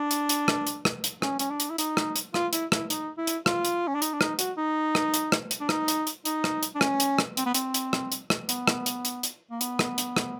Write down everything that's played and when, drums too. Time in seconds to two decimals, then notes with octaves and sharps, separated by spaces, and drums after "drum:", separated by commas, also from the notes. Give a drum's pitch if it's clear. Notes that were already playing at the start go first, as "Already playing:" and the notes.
Already playing: D4
0.11 drum: hi-hat
0.29 drum: hi-hat
0.48 drum: rim click
0.67 drum: hi-hat
0.85 drum: rim click
1.04 drum: hi-hat
1.22 C#4, drum: rim click
1.39 C#4, drum: hi-hat
1.50 D4
1.60 drum: hi-hat
1.70 E4
1.78 D#4, drum: hi-hat
1.97 drum: rim click
2.16 drum: hi-hat
2.34 F4, drum: rim click
2.53 E4, drum: hi-hat
2.72 E4, drum: rim click
2.90 D#4, drum: hi-hat
3.18 E4
3.27 drum: hi-hat
3.46 F4, drum: rim click
3.65 drum: hi-hat
3.88 C#4
3.95 D4
4.02 D#4, drum: hi-hat
4.13 D4
4.21 D#4, drum: rim click
4.39 F#4, drum: hi-hat
4.57 D#4
4.95 drum: rim click
5.14 drum: hi-hat
5.32 drum: rim click
5.51 drum: hi-hat
5.60 D4
5.69 D#4, drum: rim click
5.88 drum: hi-hat
6.07 drum: hi-hat
6.25 D#4, drum: hi-hat
6.44 drum: rim click
6.63 drum: hi-hat
6.75 D4
6.81 C#4, drum: rim click
7.00 drum: hi-hat
7.18 drum: rim click
7.37 C4, drum: hi-hat
7.46 B3
7.54 C4, drum: hi-hat
7.74 drum: hi-hat
7.93 drum: rim click
8.12 drum: hi-hat
8.30 drum: rim click
8.49 B3, drum: hi-hat
8.68 drum: rim click
8.86 drum: hi-hat
9.05 drum: hi-hat
9.23 drum: hi-hat
9.51 A#3
9.61 B3, drum: hi-hat
9.79 drum: rim click
9.98 drum: hi-hat
10.17 drum: rim click